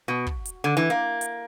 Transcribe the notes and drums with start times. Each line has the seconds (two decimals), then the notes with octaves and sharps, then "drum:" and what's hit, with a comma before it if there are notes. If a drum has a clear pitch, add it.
0.08 B2
0.27 drum: kick
0.45 drum: hi-hat
0.64 D3
0.77 E3
0.90 A#3
1.21 drum: hi-hat